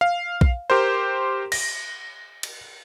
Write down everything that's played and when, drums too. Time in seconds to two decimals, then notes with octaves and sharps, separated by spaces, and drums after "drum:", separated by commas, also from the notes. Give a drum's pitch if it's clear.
0.01 F5
0.41 drum: kick A#1
0.70 G4 A#4 C5
1.52 A#6, drum: cymbal
2.43 drum: cymbal